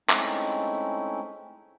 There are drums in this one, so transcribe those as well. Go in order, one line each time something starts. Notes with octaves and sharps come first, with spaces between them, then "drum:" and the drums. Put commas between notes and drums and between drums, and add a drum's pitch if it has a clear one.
G#3 A3 C4 C#4 D#4 E4, drum: clap